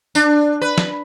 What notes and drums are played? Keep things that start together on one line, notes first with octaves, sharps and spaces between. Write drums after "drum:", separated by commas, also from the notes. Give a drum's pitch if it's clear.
D4, drum: tambourine
B4
drum: snare